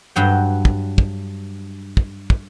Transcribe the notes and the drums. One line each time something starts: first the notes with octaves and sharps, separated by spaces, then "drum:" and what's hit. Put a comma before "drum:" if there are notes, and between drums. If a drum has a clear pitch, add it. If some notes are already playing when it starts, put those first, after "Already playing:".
G2 F#3 G5
drum: kick
drum: kick
drum: kick
drum: kick